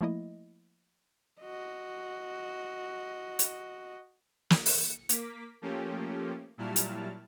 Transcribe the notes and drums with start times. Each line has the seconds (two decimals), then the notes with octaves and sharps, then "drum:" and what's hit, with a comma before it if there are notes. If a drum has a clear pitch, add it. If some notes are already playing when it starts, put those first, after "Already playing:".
0.01 F3 A3 A#3 E4 D#5
1.41 F#4 D#5
3.39 drum: hi-hat
4.50 drum: snare
4.66 C#7, drum: open hi-hat
5.09 A#3 D6 B6, drum: hi-hat
5.62 F3 A3 A#3 C#4 G4
6.58 A#2 F#3 G3 E4 A5 F6
6.76 drum: hi-hat